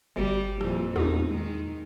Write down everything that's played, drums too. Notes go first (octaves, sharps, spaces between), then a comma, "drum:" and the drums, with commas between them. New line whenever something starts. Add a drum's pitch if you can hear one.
G1 G3
F2 A#2 E3, drum: rim click
E2 D#4, drum: tom
D#3 G#3